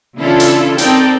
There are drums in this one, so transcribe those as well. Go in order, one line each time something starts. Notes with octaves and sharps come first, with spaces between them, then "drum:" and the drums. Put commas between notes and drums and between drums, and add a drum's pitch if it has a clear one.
C#3 E3 D4 E4 F4 A4
drum: hi-hat
C4 D#4 A4 A#4 D5 G5, drum: hi-hat